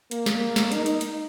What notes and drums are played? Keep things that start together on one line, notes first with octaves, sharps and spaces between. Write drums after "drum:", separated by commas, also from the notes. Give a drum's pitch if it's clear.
A#3, drum: hi-hat
drum: snare
drum: snare
D#4, drum: hi-hat
drum: hi-hat
drum: hi-hat